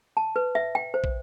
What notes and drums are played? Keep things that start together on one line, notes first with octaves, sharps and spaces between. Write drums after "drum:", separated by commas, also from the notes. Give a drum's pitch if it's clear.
A5
B4
E5
G5
C5
drum: kick